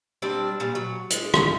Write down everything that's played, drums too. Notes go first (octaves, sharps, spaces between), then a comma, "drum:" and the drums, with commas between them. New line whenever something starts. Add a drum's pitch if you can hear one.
G3 C4 D4 D5
A#2 G3
F#3
G#3, drum: hi-hat
drum: rim click